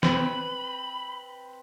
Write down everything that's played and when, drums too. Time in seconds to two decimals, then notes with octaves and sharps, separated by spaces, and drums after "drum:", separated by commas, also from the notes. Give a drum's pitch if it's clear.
0.03 C4 B4 B5, drum: snare